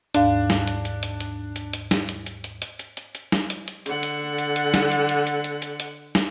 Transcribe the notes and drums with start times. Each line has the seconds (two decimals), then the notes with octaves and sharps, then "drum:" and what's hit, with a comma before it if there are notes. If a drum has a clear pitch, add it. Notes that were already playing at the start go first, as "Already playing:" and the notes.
0.14 D#2 G#2 D4 F5, drum: hi-hat
0.50 drum: snare
0.67 drum: hi-hat
0.85 drum: hi-hat
1.03 drum: hi-hat
1.20 drum: hi-hat
1.56 drum: hi-hat
1.73 drum: hi-hat
1.91 drum: snare
2.09 drum: hi-hat
2.26 drum: hi-hat
2.44 drum: hi-hat
2.62 drum: hi-hat
2.79 drum: hi-hat
2.97 drum: hi-hat
3.15 drum: hi-hat
3.32 drum: snare
3.50 drum: hi-hat
3.68 drum: hi-hat
3.86 D3 F#5, drum: hi-hat
4.03 drum: hi-hat
4.38 drum: hi-hat
4.56 drum: hi-hat
4.74 drum: snare
4.91 drum: hi-hat
5.09 drum: hi-hat
5.27 drum: hi-hat
5.44 drum: hi-hat
5.62 drum: hi-hat
5.80 drum: hi-hat
6.15 drum: snare